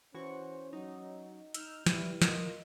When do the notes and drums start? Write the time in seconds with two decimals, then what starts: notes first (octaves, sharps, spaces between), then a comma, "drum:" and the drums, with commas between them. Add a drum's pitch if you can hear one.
0.14 E3 C#4 F#4 C5 C#6
0.73 F#3 D#4
1.54 D#4 E6 F6 G6, drum: hi-hat
1.86 E3 G3 E4, drum: snare
2.22 F4 A#4 D#5, drum: snare